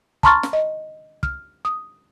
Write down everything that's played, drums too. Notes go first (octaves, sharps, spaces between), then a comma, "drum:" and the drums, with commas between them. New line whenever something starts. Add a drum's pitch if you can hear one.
A5 A#5 C6 C#6 F6 A6, drum: kick
drum: snare
D#5
F6, drum: kick
D#6